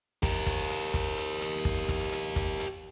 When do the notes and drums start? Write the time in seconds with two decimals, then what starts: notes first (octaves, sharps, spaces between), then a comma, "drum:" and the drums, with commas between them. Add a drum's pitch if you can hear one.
0.23 G4 A#4, drum: kick
0.46 drum: kick, hi-hat
0.70 drum: hi-hat
0.94 drum: kick, hi-hat
1.17 drum: hi-hat
1.41 drum: hi-hat
1.65 drum: kick
1.89 drum: kick, hi-hat
2.12 drum: hi-hat
2.36 drum: kick, hi-hat
2.60 drum: hi-hat